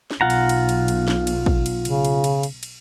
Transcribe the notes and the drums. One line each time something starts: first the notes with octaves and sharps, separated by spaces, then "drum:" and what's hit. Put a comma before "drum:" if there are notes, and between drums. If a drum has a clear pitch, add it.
drum: snare
B1 F4 F#5 A#5
drum: cymbal
drum: cymbal
drum: cymbal
drum: cymbal
drum: snare
drum: cymbal
drum: kick
drum: cymbal
C#3, drum: cymbal
drum: cymbal
drum: cymbal
drum: cymbal
drum: cymbal